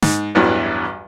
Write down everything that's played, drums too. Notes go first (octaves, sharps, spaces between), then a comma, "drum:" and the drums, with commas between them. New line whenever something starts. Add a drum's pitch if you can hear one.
G#2, drum: snare
A1 E2 G2 E3 F#3